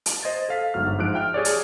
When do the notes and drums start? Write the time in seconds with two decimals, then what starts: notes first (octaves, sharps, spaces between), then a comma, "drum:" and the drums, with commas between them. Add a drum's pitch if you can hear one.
0.06 drum: hi-hat
0.23 C5 D#5 C6 G#6 A6
0.49 A4 F5 B6
0.74 G1 G#2 F#3 F6
0.98 G#2 F3 F#6 D7
1.14 E5 G5 F6
1.34 G4 G#4 C#5 D5
1.45 drum: hi-hat